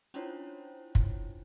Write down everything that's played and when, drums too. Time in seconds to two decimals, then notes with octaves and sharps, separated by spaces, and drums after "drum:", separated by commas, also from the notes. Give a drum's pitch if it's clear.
0.14 C#4 D4 E4 F4 C5 C#5
0.95 drum: kick